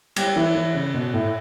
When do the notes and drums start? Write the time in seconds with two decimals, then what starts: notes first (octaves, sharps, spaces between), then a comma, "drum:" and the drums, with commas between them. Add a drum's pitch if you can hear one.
0.16 G3, drum: cymbal
0.36 E3
0.55 E3
0.74 C#3
0.94 B2
1.14 A2